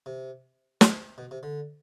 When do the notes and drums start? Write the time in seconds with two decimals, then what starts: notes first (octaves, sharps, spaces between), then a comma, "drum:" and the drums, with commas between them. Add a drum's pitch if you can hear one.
0.06 C3
0.81 D#3, drum: snare
1.18 B2
1.31 C3
1.43 D3